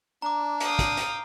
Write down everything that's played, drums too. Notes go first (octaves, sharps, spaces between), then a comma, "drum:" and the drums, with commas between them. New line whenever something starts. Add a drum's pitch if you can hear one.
D4 A#5 D6
F5 G5 D#6, drum: hi-hat
drum: kick, hi-hat
drum: hi-hat